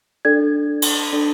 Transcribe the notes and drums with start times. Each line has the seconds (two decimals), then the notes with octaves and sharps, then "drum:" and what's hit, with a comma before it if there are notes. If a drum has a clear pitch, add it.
0.25 D4 A4 D5 G#6
0.82 drum: cymbal
1.12 D4 A4 D5